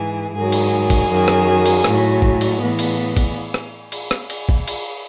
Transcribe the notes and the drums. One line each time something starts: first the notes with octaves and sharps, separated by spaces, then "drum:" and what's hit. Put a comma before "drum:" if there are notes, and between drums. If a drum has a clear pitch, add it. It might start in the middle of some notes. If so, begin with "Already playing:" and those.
Already playing: G#2 E3 G#4
G#2 D#3 F#3 G#4
drum: cymbal
drum: kick, cymbal
F#2 D#3 F#3
drum: rim click
drum: cymbal
A2 F#3, drum: rim click
drum: kick
drum: cymbal
A2 E3 B3
drum: cymbal
drum: kick, cymbal
drum: rim click
drum: cymbal
drum: rim click
drum: cymbal
drum: kick
drum: cymbal